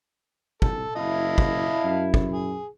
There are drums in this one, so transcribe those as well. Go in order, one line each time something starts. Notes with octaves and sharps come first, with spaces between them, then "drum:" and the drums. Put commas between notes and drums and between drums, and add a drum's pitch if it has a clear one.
C2 A4, drum: kick
F#1 E4 D#5 F5 A5
drum: kick
F#2
drum: kick
G#4